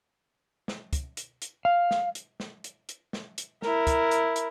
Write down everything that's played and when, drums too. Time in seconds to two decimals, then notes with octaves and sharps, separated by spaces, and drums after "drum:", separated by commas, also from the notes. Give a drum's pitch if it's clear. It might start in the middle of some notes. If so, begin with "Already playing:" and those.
0.68 drum: snare
0.93 drum: kick, hi-hat
1.17 drum: hi-hat
1.42 drum: hi-hat
1.65 F5
1.91 drum: snare
2.15 drum: hi-hat
2.40 drum: snare
2.64 drum: hi-hat
2.89 drum: hi-hat
3.13 drum: snare
3.38 drum: hi-hat
3.62 E4 A#4, drum: snare
3.87 drum: kick, hi-hat
4.11 drum: hi-hat
4.36 drum: hi-hat